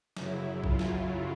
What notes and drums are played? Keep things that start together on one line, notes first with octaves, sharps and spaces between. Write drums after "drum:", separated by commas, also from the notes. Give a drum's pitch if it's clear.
F#2 C#3 F#3 E4, drum: snare
F4, drum: kick A#1
drum: snare